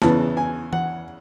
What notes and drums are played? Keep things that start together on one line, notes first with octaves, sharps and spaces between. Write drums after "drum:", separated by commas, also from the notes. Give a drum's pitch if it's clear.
E2 C#3 E3 A5, drum: snare
G#5
F#5, drum: tom E3